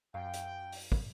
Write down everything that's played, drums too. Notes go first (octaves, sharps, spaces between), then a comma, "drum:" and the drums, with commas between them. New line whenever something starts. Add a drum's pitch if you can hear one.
F#2 F5 G5
drum: hi-hat
drum: open hi-hat
drum: kick